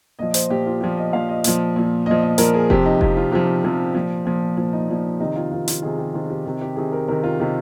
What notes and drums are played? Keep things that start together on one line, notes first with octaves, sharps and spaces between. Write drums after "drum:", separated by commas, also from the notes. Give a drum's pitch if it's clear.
A#2 F3 D#5
C5, drum: hi-hat
A#2 F3 G4
F4
A#2 F3 G4
D#5
A#2 F3 F5
D#5
A#2 F3, drum: hi-hat
A#2 F3
A#2 F3 D#5
D#5
A#2 F3 A#4, drum: hi-hat
G#4
C3 F3 G4, drum: kick F1
D#4
C3 F3 G4, drum: kick F1
F4
C3 F3 G4
C3 F3
A#2 F3
A#2 F3
A#2 F3
D#4
A#2 F3
C3 D#3 D#4
F4
C3 D#3 F4
F4, drum: hi-hat
C3 D#3 G#4
G4
C3 D#3 F4
G4
C3 D#3
G4
C3 D#3 G#4
A#4
C3 D#3 A#4
F4
C3 D#3 G4